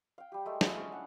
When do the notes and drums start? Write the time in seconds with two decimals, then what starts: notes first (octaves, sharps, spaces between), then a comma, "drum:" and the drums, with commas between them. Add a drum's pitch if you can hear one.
0.18 F5 G5
0.32 G3 G4
0.45 G#3 A3
0.61 E4 F4 G#4, drum: snare
0.76 C#4
0.92 D4 F#5 G5